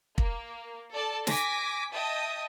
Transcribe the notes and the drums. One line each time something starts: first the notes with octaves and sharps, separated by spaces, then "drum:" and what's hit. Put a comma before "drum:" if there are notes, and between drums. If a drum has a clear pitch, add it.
A#3, drum: kick
A4 D5 A5
G#5 D6 A#6 B6, drum: snare
D#5 E5 G5 A5 D#6